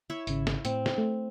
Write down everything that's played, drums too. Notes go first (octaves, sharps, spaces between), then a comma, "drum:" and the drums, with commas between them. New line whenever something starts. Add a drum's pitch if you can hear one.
E4 C#5 E5
G#1 C#3, drum: hi-hat
drum: snare
A2 C4, drum: hi-hat
drum: snare
A3